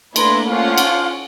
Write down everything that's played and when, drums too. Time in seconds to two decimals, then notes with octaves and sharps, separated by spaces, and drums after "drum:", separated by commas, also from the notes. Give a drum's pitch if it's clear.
0.16 A3 A#3 D4 E4 B4 A#5 C6, drum: cymbal
0.49 C#4 D4 F4 C5 F5 F#5
0.78 drum: cymbal